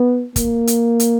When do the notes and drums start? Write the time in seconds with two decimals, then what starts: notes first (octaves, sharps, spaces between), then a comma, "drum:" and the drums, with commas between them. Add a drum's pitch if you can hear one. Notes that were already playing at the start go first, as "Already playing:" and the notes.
Already playing: B3
0.36 A#3, drum: kick, hi-hat
0.67 drum: hi-hat
1.00 drum: hi-hat